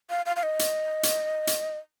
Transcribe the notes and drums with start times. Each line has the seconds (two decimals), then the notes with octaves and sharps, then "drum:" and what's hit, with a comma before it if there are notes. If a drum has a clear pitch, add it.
0.10 F5
0.26 F5
0.36 F5
0.43 D#5
0.59 drum: hi-hat
1.03 drum: hi-hat
1.47 drum: hi-hat